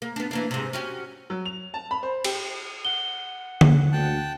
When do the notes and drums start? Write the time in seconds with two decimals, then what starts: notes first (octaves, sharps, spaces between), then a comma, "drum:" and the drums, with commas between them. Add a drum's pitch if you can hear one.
0.02 A#3
0.16 B3 D4
0.31 E3 A#3 D4
0.51 G#2 C3
0.73 C#4 F#4 G4
1.30 F#3
1.45 F7
1.74 A5
1.91 B5
2.03 C5
2.24 G4, drum: cymbal
2.85 F#5 G7
3.61 drum: tom D3
3.92 D2 G5 A5 F#6